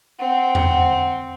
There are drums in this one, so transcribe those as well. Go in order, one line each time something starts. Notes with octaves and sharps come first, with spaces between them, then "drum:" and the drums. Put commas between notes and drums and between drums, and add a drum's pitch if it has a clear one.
C4 F#5
drum: tom E2